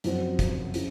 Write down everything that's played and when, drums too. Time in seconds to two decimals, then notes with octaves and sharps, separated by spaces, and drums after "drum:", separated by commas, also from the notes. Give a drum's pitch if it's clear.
0.04 F#2 F3 C4 F#4, drum: hi-hat
0.39 drum: kick, hi-hat
0.74 C#3 F3, drum: hi-hat